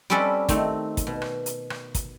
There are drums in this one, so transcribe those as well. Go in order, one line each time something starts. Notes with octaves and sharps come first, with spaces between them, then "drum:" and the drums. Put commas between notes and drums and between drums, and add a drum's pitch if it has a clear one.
G3 C4 C#4 A4 B4 D5
D#3 A3 C4, drum: kick, hi-hat
drum: kick, hi-hat
B2
drum: rim click
drum: hi-hat
drum: rim click
drum: kick, hi-hat